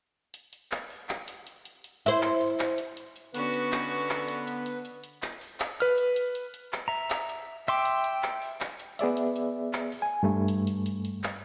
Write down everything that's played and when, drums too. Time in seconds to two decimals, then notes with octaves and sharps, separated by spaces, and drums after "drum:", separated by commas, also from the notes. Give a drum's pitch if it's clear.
0.34 drum: hi-hat
0.53 drum: hi-hat
0.72 drum: clap
0.90 drum: open hi-hat
1.09 drum: clap
1.28 drum: hi-hat
1.47 drum: hi-hat
1.65 drum: hi-hat
1.84 drum: hi-hat
2.06 E4 C5
2.22 drum: clap
2.41 drum: open hi-hat
2.59 drum: clap
2.78 drum: hi-hat
2.97 drum: hi-hat
3.16 drum: hi-hat
3.35 D3 B3 C#4 F#4 B4, drum: hi-hat
3.53 drum: hi-hat
3.72 drum: clap
3.91 drum: open hi-hat
4.10 drum: clap
4.28 drum: hi-hat
4.47 drum: hi-hat
4.66 drum: hi-hat
4.85 drum: hi-hat
5.04 drum: hi-hat
5.22 drum: clap
5.41 drum: open hi-hat
5.60 drum: clap
5.80 B4 F6, drum: hi-hat
5.98 drum: hi-hat
6.16 drum: hi-hat
6.35 drum: hi-hat
6.54 drum: hi-hat
6.73 drum: clap
6.88 E5 A#5
7.10 drum: clap
7.29 drum: hi-hat
7.68 E5 G5 C6 D6, drum: hi-hat
7.85 drum: hi-hat
8.04 drum: hi-hat
8.23 drum: clap
8.42 drum: open hi-hat
8.61 drum: clap
8.79 drum: hi-hat
8.99 B3 G#4 D5 E5, drum: hi-hat
9.17 drum: hi-hat
9.36 drum: hi-hat
9.73 drum: clap
9.92 drum: open hi-hat
10.02 G#5
10.23 G2 G3 A3
10.48 drum: hi-hat
10.67 drum: hi-hat
10.86 drum: hi-hat
11.05 drum: hi-hat
11.24 drum: clap